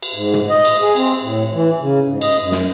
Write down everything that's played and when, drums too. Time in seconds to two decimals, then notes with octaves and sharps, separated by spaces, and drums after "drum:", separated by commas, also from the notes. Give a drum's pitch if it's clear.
0.02 drum: cymbal
0.14 G#2
0.34 drum: tom
0.49 D#5
0.65 drum: cymbal
0.81 G#4
0.96 C4, drum: cymbal
1.23 A2
1.54 E3
1.80 C#3
2.08 G#2
2.21 D#5, drum: cymbal
2.41 F#2
2.52 drum: snare